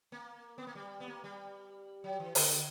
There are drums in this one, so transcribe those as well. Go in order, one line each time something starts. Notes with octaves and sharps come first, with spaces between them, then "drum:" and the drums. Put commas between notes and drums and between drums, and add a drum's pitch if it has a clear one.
A#3
B3
A#3
G3
B3
A#3
G3
F#3
E3
D3, drum: open hi-hat